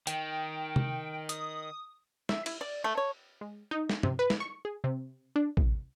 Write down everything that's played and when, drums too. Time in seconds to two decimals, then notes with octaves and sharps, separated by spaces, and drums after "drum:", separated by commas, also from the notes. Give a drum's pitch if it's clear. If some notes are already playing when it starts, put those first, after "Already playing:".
0.07 D#3 G5, drum: hi-hat
0.76 drum: tom C3
1.29 D#6, drum: hi-hat
2.29 E5, drum: snare
2.46 E4, drum: cymbal
2.61 D5
2.84 A3
2.97 C#5
3.41 G#3
3.71 D#4
3.90 drum: snare
4.03 C3, drum: tom
4.19 B4
4.30 drum: snare
4.40 C#6
4.65 G#4
4.84 C3
5.36 D4
5.57 C2, drum: kick